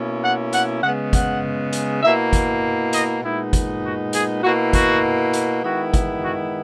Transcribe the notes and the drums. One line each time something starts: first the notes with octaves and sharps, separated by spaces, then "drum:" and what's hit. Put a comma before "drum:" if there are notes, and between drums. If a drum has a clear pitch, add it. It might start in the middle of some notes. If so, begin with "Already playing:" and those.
Already playing: B2 A#3 C#4 E4
F#5
F#5, drum: hi-hat
C#3 G#3 B3 F#5
F#5, drum: kick, hi-hat
drum: hi-hat
B2 A#3 E4 E5
drum: kick, hi-hat
D#5, drum: hi-hat
A#2 G#3 B3 D#4 E4
drum: kick, hi-hat
F#4
G#4, drum: hi-hat
B2 A#3 E4 F#4
F#4, drum: kick, hi-hat
drum: hi-hat
D#3 G#3 B3 E4 F#4
drum: kick, hi-hat
F#4